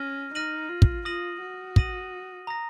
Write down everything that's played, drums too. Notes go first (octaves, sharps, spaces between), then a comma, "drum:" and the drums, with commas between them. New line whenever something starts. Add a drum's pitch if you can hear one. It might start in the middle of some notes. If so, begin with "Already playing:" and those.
Already playing: C#4 F6 A#6 D#7
D#4 F6 A#6 D#7 F#7
F4
drum: kick
F4 D#6 A#6 D#7 F#7
F#4
D#6 A#6 D#7 F#7, drum: kick
A#5 D#6 A#6